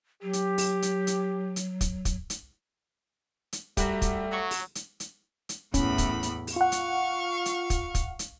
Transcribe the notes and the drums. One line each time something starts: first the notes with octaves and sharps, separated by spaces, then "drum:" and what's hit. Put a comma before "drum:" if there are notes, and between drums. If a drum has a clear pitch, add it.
F#3 G4
drum: hi-hat
drum: open hi-hat
drum: hi-hat
drum: hi-hat
drum: hi-hat
drum: kick, hi-hat
drum: kick, hi-hat
drum: hi-hat
drum: hi-hat
G3 A3 E4 F#4 A#4, drum: kick, hi-hat
drum: kick, hi-hat
F#3 F#4 C#5 C#6
drum: open hi-hat
drum: hi-hat
drum: hi-hat
drum: hi-hat
E2 A2 C#4 B5, drum: kick, hi-hat
drum: kick, hi-hat
drum: hi-hat
drum: open hi-hat
F4 F5 F#5 C#6
drum: hi-hat
drum: hi-hat
drum: kick, hi-hat
drum: kick, hi-hat
drum: hi-hat